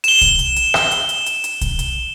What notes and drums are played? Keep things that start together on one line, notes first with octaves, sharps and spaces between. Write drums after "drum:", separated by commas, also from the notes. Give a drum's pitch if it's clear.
E7 G7, drum: hi-hat
drum: kick, hi-hat
drum: hi-hat
drum: hi-hat
drum: rim click
drum: hi-hat
drum: hi-hat
drum: hi-hat
drum: hi-hat
drum: kick, hi-hat
drum: hi-hat